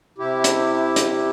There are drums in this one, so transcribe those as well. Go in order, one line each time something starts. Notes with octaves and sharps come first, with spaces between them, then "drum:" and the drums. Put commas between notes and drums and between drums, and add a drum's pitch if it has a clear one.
C3 E4 G4
drum: hi-hat
drum: hi-hat